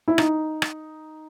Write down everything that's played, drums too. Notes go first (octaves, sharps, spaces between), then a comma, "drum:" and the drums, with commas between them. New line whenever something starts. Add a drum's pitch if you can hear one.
E4
D#4, drum: rim click
drum: rim click